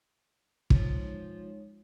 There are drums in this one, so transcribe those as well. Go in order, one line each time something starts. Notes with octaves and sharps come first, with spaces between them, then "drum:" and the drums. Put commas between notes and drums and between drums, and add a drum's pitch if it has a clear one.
F3 G#3 D#4 F4 C#5, drum: kick